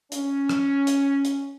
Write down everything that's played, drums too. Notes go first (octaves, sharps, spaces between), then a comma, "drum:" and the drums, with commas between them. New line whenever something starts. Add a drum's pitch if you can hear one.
C#4, drum: hi-hat
drum: rim click
drum: hi-hat
drum: hi-hat